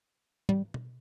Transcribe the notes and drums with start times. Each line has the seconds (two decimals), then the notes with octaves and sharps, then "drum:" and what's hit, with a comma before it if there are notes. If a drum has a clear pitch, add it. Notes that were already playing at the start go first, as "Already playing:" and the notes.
0.49 G3, drum: tom
0.74 drum: tom B2